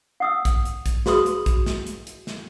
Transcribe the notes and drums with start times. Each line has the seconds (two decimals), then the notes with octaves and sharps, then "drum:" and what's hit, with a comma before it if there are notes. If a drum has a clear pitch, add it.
0.20 F#5 D#6 E6
0.45 drum: kick A#1, hi-hat
0.65 drum: hi-hat
0.86 drum: kick A#1, hi-hat
1.06 F#4 G#4 B4 B5 C6 D#6, drum: snare
1.26 drum: hi-hat
1.46 drum: kick A#1, hi-hat
1.66 drum: snare
1.87 drum: hi-hat
2.07 drum: hi-hat
2.27 drum: snare